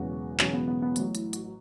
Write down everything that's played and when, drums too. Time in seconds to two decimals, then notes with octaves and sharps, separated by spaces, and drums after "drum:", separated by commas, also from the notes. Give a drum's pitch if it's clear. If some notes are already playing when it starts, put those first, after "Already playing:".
Already playing: E1 E2 C#3 F#3 F#4
0.39 E1 E2 C#3 F#3 C#4, drum: clap
0.53 B3
0.68 B3
0.82 B3
0.96 A1 A2 F#3, drum: hi-hat
1.15 E4, drum: hi-hat
1.33 F#4, drum: hi-hat
1.45 F#4